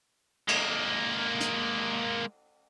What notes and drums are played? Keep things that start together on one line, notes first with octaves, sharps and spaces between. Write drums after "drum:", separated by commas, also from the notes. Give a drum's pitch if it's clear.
G#3 A#3, drum: cymbal
drum: hi-hat